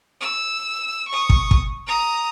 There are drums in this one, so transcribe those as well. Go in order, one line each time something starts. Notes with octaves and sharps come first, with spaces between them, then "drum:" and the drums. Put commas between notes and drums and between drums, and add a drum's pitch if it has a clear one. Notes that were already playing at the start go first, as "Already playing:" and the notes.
E6
C#6 D#6
drum: kick
drum: kick
A#5 D#6